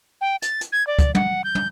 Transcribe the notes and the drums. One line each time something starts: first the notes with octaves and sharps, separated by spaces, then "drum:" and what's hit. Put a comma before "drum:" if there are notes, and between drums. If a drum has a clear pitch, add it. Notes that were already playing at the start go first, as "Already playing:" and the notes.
G5
A6, drum: hi-hat
drum: hi-hat
G#6
D5
drum: kick, hi-hat
F#5, drum: tom
G6
drum: tom